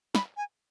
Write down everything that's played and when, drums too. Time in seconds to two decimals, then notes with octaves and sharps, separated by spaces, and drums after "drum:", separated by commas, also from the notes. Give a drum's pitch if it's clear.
0.15 B5, drum: snare
0.37 G#5